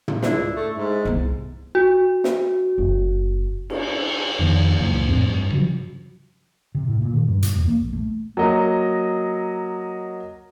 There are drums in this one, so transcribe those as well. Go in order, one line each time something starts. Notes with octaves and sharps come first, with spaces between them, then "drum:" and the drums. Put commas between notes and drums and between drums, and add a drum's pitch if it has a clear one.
drum: tom
C#2 D4 E4, drum: snare
A3
G#2
C2 B3
F#4
drum: snare
F#1
drum: cymbal
F2 D#3 B3
C#2 F#2 A#2 E3
F2 A2 C4
G2
C#3 F3 F#3
C3
A2
A#2
D#3
G2
B2, drum: hi-hat
E2
A#3
A#1
A3
F#3 A#3 D#5